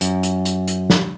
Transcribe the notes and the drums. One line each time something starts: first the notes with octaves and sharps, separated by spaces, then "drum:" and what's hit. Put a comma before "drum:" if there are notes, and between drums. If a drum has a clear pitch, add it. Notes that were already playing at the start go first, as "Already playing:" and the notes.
F#2, drum: hi-hat
drum: hi-hat
drum: hi-hat
drum: hi-hat
drum: snare